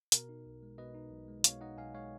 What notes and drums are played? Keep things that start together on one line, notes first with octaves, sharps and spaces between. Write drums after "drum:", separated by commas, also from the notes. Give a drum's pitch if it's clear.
B2 A#4, drum: hi-hat
D#4
B1
G#3
B2 B4 D#5
D#4
B1
G#3
B2 C#5 F5, drum: hi-hat
D#4 D#5 F#5
B1 F5 G#5
G#3 C#5 F5